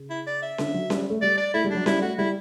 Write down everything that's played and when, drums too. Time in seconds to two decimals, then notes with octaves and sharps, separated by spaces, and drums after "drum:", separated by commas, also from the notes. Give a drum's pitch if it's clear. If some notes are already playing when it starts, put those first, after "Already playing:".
Already playing: C#3
0.10 E4
0.27 D5
0.43 E5
0.58 D3, drum: snare C#4
0.74 F#3
0.90 G3, drum: snare C#4
1.10 A3
1.22 G3 D5
1.38 D5
1.54 A3 E4
1.65 G3
1.70 F#3 D4
1.86 G3 E4, drum: snare C#4
2.02 A3 F#4
2.18 G3 E4